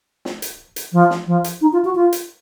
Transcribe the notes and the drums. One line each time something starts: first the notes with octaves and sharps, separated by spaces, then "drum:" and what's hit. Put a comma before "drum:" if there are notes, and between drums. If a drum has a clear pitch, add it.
drum: snare
drum: hi-hat
drum: hi-hat
F3
drum: snare
F3
drum: hi-hat
D#4
F4
F#4
F4
drum: hi-hat